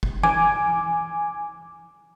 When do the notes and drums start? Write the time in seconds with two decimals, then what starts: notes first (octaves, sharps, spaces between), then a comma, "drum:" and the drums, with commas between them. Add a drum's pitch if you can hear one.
0.03 drum: kick F#1
0.23 G#5 D6, drum: tom E3